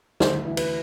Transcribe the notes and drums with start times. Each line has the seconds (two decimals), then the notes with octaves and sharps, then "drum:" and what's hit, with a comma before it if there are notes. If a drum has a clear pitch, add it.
0.20 D2 C5, drum: snare
0.45 E3
0.57 B4, drum: cymbal